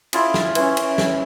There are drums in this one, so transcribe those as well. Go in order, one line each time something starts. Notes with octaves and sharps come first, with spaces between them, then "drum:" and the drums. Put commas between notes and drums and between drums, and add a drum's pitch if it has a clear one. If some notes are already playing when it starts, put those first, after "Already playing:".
E4 F4 G#4, drum: cymbal
drum: snare
E3 C#4, drum: cymbal
drum: cymbal
drum: snare